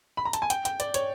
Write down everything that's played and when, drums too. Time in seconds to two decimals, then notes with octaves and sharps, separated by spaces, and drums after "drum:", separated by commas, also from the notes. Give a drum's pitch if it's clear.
0.17 B5
0.25 A#5
0.33 A5, drum: hi-hat
0.42 G#5
0.50 G5, drum: hi-hat
0.65 G5, drum: hi-hat
0.80 D5, drum: hi-hat
0.94 C#5, drum: hi-hat